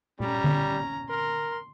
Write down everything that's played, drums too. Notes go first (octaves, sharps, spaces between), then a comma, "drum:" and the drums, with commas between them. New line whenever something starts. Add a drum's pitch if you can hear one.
G3 C#4 A#5, drum: tom A#2
drum: tom D3
A#4 C6